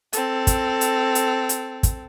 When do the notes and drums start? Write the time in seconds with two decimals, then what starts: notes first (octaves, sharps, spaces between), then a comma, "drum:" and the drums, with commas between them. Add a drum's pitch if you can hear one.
0.13 C4 A4, drum: hi-hat
0.47 drum: kick, hi-hat
0.81 drum: hi-hat
1.15 drum: hi-hat
1.49 drum: hi-hat
1.83 drum: kick, hi-hat